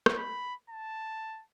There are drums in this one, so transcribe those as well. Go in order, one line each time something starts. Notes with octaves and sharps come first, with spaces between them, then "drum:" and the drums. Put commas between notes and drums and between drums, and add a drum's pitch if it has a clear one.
drum: rim click
B5
A5